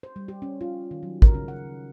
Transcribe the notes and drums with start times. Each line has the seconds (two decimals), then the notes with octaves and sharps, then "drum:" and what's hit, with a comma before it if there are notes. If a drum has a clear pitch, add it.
0.03 C5
0.16 G3
0.28 G4
0.42 C#4
0.61 F4
0.91 D#3
1.03 F#3
1.22 A#4, drum: kick
1.34 C#3
1.48 F#5